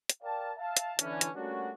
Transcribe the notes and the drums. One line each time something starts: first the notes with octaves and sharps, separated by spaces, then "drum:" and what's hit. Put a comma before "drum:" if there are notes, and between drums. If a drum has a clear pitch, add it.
drum: hi-hat
A#4 D5 F5 G5 A5
E5 F5 A5
drum: hi-hat
D3 E3 C#4 D4, drum: hi-hat
drum: hi-hat
G3 A3 A#3 C#4 D4 F#4